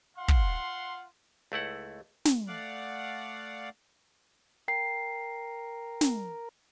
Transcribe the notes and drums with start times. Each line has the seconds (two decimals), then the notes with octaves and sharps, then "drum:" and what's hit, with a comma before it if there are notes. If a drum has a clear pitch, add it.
0.18 F4 F5 F#5 C6
0.28 drum: kick
1.52 C#2 A3 E4 F#5
2.25 drum: snare
2.47 A3 D5 F5 F#5
4.68 A#4 G5 C7
6.01 drum: snare